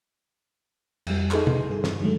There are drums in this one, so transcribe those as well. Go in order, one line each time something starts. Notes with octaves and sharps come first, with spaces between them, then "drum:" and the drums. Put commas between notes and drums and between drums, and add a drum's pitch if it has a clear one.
F2 G3, drum: cymbal
D#4 E4 G#4 A4 B4 C6, drum: clap
drum: tom
G2 G#4
drum: snare
D3 D#3 F#3 G#3 A3